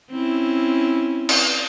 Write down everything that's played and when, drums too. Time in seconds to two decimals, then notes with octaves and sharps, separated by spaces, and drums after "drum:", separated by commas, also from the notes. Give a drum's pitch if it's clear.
0.11 C4 C#4 E4
1.29 drum: cymbal